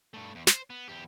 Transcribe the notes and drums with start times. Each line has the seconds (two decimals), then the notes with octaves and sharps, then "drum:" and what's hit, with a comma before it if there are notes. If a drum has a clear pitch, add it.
0.14 G2 A3
0.35 E2
0.47 C5, drum: snare
0.70 B3
0.89 E2 G4